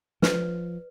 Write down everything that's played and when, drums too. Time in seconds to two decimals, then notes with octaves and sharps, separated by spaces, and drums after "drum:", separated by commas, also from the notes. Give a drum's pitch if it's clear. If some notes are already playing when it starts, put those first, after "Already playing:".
0.22 F3 B4 D5, drum: snare